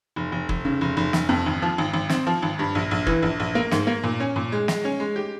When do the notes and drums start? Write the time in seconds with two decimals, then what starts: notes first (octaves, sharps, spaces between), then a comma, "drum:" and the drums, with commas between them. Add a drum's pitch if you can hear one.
0.16 F1
0.32 F1
0.49 F1, drum: kick
0.65 C#3
0.81 F1
0.97 F1
1.13 F1, drum: snare
1.29 F2
1.46 G#1
1.62 F3
1.78 G#1
1.94 G#1
2.09 C4, drum: snare
2.27 F3
2.42 G#1
2.59 G2
2.75 A#1
2.91 A#1
3.07 E3, drum: kick
3.23 A#1
3.40 A#1
3.55 A#3
3.71 G#2, drum: snare
3.87 A#3
4.04 A#2
4.20 C#4
4.36 A#2
4.52 G#3
4.68 G#3, drum: snare
4.85 C#4
5.00 G#3
5.16 G4